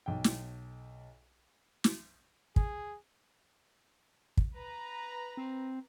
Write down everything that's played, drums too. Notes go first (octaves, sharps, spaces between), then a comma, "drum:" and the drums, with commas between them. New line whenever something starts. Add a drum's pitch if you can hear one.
B1 G5
drum: snare
drum: snare
G#4, drum: kick
drum: kick
B4 A#5
C4